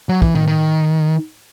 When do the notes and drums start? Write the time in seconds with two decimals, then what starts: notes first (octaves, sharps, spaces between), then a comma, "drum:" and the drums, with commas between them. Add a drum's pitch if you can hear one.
0.09 F#3
0.22 E3, drum: kick
0.35 D#3, drum: tom A2
0.47 D#3